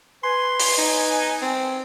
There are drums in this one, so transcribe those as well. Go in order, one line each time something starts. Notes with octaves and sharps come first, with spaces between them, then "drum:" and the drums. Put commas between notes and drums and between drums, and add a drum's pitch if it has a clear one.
B4 G#5 C6
drum: open hi-hat
D#4
C4